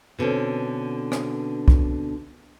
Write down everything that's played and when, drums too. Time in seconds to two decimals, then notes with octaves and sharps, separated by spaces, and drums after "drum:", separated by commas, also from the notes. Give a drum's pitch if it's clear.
0.19 B2 D3 C4 C#4
1.12 drum: rim click
1.68 drum: kick